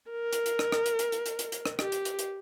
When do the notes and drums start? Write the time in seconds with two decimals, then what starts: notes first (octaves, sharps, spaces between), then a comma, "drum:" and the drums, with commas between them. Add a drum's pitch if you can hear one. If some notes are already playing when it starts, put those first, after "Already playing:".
0.11 A#4
0.33 drum: hi-hat
0.46 drum: hi-hat
0.59 drum: rim click
0.72 drum: rim click
0.86 drum: hi-hat
0.99 drum: hi-hat
1.12 drum: hi-hat
1.26 drum: hi-hat
1.39 drum: hi-hat
1.52 drum: hi-hat
1.66 drum: rim click
1.79 G4, drum: rim click
1.92 drum: hi-hat
2.05 drum: hi-hat
2.19 drum: hi-hat